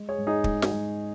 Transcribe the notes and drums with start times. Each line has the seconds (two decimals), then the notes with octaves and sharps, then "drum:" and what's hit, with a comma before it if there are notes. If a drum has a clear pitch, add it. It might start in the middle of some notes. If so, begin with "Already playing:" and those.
Already playing: G#3
0.09 G#4 C#5
0.18 G#2
0.27 D#4 G#4
0.44 G#2, drum: kick
0.62 drum: snare
0.72 G#2